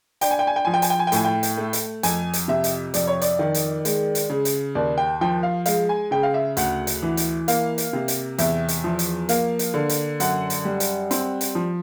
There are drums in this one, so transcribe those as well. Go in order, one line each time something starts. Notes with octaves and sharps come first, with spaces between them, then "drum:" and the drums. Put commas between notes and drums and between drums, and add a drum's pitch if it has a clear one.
D4 G5, drum: hi-hat
G#5
G5
G#5
G5
F3 G#5
G5
G#5, drum: hi-hat
G5
G#5
G5
A2 G#5, drum: hi-hat
G5
drum: hi-hat
A3
drum: hi-hat
F2 G#5, drum: hi-hat
drum: hi-hat
C3 E5
drum: hi-hat
F2 D5, drum: hi-hat
C#5
D5, drum: hi-hat
D#3
drum: hi-hat
G#3, drum: hi-hat
drum: hi-hat
C#3
drum: hi-hat
D#2 D5
G5
F3 G5
F5
G#3 F5, drum: hi-hat
G#5
C#3 G5
F5
E5
D2 F#5, drum: hi-hat
drum: hi-hat
E3
drum: hi-hat
A#3 F5, drum: hi-hat
drum: hi-hat
C3
drum: hi-hat
E2 E5, drum: hi-hat
drum: hi-hat
F3
drum: hi-hat
A#3 F5, drum: hi-hat
drum: hi-hat
D3
drum: hi-hat
F#2 F#5, drum: hi-hat
drum: hi-hat
G3
drum: hi-hat
C4, drum: hi-hat
drum: hi-hat
F3